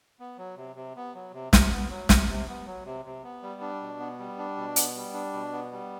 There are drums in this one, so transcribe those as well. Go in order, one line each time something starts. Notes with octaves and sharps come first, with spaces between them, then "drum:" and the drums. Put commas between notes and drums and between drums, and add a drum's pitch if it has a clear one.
B3
F#3
C3
C3
B3
F#3
C3
C3, drum: snare
B3
F#3
C3, drum: snare
C3
B3
F#3
C3
C3
B3
G3
D4
B2
B3
G3
D4
B2
B3, drum: hi-hat
G3
D4
B2
B3
G3